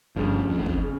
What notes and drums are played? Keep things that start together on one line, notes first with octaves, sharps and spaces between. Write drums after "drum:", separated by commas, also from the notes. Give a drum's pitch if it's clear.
G1 D2 G2 C#3 F3
F2
A1 A2
F2, drum: kick
C#3